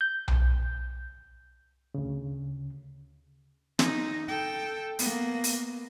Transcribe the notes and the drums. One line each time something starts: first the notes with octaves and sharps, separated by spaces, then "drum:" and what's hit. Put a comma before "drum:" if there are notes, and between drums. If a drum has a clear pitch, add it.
G6
drum: tom B1
D2 C#3
D#4, drum: snare
A4 G5
A#3 B3, drum: open hi-hat
drum: open hi-hat